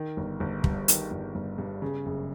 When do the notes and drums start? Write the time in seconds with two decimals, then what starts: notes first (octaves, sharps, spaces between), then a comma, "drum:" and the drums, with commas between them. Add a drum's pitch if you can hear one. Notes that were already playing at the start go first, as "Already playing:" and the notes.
Already playing: D#3
0.17 G1
0.40 G1
0.64 G2, drum: kick
0.88 D#3, drum: hi-hat
1.11 G1
1.35 G1
1.58 G2
1.82 C#3
2.06 F#1